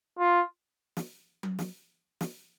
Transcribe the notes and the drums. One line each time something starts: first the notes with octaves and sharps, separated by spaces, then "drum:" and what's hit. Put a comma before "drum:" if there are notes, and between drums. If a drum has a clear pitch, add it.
F4
drum: snare
drum: tom F#3
drum: snare
drum: snare